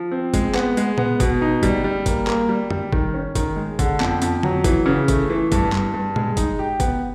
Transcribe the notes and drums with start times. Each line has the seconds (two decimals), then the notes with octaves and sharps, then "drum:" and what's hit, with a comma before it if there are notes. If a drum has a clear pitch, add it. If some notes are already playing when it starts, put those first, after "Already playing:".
Already playing: F3
0.11 C4
0.34 G#3, drum: kick, hi-hat
0.54 B3, drum: clap
0.77 G#3, drum: hi-hat
0.98 B3, drum: tom A#2
1.20 B2, drum: kick, hi-hat
1.41 D#4
1.63 G3, drum: kick, hi-hat
1.84 G3
2.06 A#3, drum: kick, hi-hat
2.27 A#3, drum: clap
2.49 G3
2.70 G3, drum: tom
2.93 D#3, drum: kick
3.14 C#4
3.35 D#3, drum: kick, hi-hat
3.56 G#3
3.79 D3, drum: kick, hi-hat
4.00 F2, drum: clap
4.22 F2, drum: hi-hat
4.43 F#3, drum: tom D3
4.64 E3, drum: kick, hi-hat
4.86 C#3
5.08 A3, drum: kick, hi-hat
5.30 E3
5.52 G2, drum: kick, hi-hat
5.72 G2, drum: clap
5.94 G2
6.16 G#3, drum: tom A#2
6.37 D#4, drum: kick, hi-hat
6.59 G4
6.80 B3, drum: kick, hi-hat